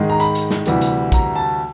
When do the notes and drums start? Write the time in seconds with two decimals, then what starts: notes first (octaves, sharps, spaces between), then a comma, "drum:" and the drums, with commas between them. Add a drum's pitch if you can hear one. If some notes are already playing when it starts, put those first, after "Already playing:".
Already playing: G#2 D#3 G#3
0.10 A#5
0.20 B5, drum: hi-hat
0.35 drum: hi-hat
0.51 drum: snare
0.66 D2 C3 E3 G3, drum: hi-hat
0.81 drum: hi-hat
1.12 A#5, drum: kick, hi-hat
1.35 A5